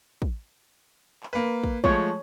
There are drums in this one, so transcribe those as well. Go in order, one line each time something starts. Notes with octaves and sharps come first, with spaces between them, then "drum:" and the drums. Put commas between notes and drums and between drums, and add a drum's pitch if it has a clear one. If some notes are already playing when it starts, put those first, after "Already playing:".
drum: kick
drum: clap
A#3 B4
drum: kick
F3 G#3 A3 C#5, drum: kick